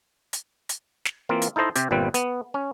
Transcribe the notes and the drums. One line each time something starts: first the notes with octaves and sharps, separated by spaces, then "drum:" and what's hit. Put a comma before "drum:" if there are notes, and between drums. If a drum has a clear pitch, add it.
drum: hi-hat
drum: hi-hat
drum: snare
E3 A#3 C4 F4
drum: hi-hat
D#4 E4 A4 C5 D#5
C3 C4 G4, drum: hi-hat
G1 A#2 G3 C4 B4
B3, drum: hi-hat
C#4